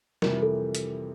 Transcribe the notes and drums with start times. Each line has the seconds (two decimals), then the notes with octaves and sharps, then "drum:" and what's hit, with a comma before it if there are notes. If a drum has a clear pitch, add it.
0.22 F2 C3 E3 G3 A#4, drum: snare
0.42 A4
0.75 drum: hi-hat